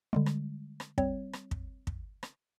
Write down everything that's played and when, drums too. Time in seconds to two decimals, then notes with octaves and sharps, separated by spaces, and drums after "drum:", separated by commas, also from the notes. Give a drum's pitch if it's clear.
0.13 D3 G3 G#3
0.26 drum: rim click
0.80 drum: rim click
0.98 G3 C4 C#5, drum: kick
1.33 drum: rim click
1.51 drum: kick
1.87 drum: kick
2.23 drum: rim click